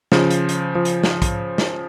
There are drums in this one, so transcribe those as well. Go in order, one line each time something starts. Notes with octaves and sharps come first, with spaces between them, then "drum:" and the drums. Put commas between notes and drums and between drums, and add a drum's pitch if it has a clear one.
C#3 F3, drum: snare
drum: hi-hat
drum: hi-hat
F3
drum: hi-hat
drum: snare
drum: kick, hi-hat
drum: snare